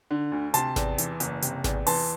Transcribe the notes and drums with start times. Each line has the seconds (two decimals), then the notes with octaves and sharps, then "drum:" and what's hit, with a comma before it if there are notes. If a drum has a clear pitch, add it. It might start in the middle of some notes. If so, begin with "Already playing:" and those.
0.11 D3
0.32 D2
0.54 C3 A5 C6, drum: hi-hat
0.76 E2, drum: snare G#1
0.98 E3, drum: hi-hat
1.20 F#1, drum: hi-hat
1.42 C3, drum: hi-hat
1.64 E2, drum: snare G#1
1.87 E3 A5 C6, drum: open hi-hat